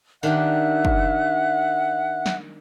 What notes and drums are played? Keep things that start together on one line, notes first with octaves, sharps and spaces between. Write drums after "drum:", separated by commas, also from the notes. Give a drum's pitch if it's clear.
D#3 D4 G4 E5 F#5 F#6
drum: kick
drum: snare